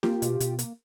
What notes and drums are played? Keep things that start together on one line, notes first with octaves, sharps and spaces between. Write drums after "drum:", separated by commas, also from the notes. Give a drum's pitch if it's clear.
A#3 F4 G4, drum: snare
B2, drum: hi-hat
B2, drum: hi-hat
A#3, drum: hi-hat